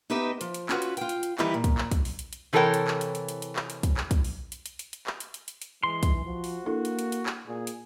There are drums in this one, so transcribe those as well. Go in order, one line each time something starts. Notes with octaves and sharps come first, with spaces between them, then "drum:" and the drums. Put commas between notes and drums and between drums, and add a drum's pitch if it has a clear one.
B3 D#4 G4 B4 D#5 E5
F3, drum: hi-hat
drum: hi-hat
C#4 F4 F#4 B4, drum: clap
drum: hi-hat
F4 G5, drum: hi-hat
drum: hi-hat
drum: hi-hat
D#3 E3 G3 E4 G4 B4, drum: clap
A#2
drum: kick, hi-hat
drum: clap
drum: kick, hi-hat
drum: open hi-hat
drum: hi-hat
drum: hi-hat
C3 E3 A4 A#4 C#5 G5
drum: hi-hat
drum: clap
drum: hi-hat
drum: hi-hat
drum: hi-hat
drum: hi-hat
drum: clap
drum: hi-hat
drum: kick, hi-hat
drum: clap
drum: kick, hi-hat
drum: open hi-hat
drum: hi-hat
drum: hi-hat
drum: hi-hat
drum: hi-hat
drum: clap
drum: hi-hat
drum: hi-hat
drum: hi-hat
drum: hi-hat
E3 G#3 C6
drum: kick, hi-hat
F3 F#4
drum: open hi-hat
A#3 D4 E4 A4
drum: hi-hat
drum: hi-hat
drum: hi-hat
drum: clap
A#2 G#4
drum: hi-hat